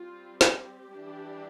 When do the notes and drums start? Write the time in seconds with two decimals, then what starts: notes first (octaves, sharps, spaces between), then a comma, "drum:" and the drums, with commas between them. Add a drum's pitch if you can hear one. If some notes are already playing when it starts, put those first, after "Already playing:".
Already playing: G3 C4 F4
0.41 G4, drum: snare
0.92 E3 G3 D4